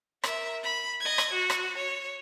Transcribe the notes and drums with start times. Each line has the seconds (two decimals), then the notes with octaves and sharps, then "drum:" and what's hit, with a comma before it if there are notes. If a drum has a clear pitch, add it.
0.23 A#4 E5, drum: rim click
0.64 B5
1.01 D#5 G#6
1.18 drum: rim click
1.33 F#4
1.50 drum: rim click
1.77 C#5